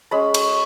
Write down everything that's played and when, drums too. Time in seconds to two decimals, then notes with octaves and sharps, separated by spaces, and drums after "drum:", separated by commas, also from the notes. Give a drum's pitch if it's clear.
0.11 G#3 C#4 B5
0.34 C#6, drum: cymbal